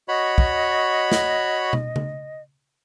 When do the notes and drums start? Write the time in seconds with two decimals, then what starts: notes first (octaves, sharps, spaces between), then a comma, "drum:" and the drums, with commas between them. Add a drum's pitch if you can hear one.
0.08 F#4 C#5 D#5 B5
0.38 drum: kick
1.12 drum: snare
1.73 drum: tom
1.96 drum: tom C#3